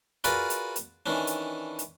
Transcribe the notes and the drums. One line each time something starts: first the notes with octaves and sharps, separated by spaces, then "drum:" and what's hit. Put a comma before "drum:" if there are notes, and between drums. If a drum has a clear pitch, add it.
F4 F#4 G#4 A#4 B4 D5, drum: hi-hat
drum: hi-hat
drum: hi-hat
D#3 E3 C#4 D4
drum: hi-hat
drum: hi-hat